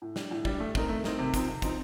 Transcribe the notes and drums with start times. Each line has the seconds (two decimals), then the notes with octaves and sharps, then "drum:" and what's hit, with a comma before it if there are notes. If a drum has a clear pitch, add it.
0.02 A2
0.16 G3 D4, drum: snare
0.31 A2
0.45 G3 D4, drum: kick
0.60 A3
0.75 C4 D#4 A#4, drum: kick
0.89 A3
1.04 C4 D#4 A#4, drum: snare
1.19 C3
1.34 F3 C4 D#4, drum: kick, hi-hat
1.48 C3
1.62 F3 C4 D#4, drum: kick, hi-hat